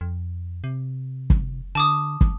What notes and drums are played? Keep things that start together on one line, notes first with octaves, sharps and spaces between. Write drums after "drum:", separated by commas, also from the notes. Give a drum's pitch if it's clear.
F2
C3
drum: kick
D3 A5 D6 D#6
drum: kick